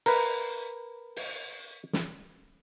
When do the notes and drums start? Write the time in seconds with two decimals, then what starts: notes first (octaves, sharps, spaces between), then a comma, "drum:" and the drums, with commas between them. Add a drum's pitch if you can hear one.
0.06 A#4 B4, drum: open hi-hat
1.16 drum: open hi-hat
1.93 drum: snare